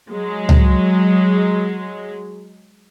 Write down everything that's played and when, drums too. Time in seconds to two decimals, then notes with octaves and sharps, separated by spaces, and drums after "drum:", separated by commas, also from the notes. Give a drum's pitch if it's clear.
0.11 F#3 G#3
0.49 drum: tom C#2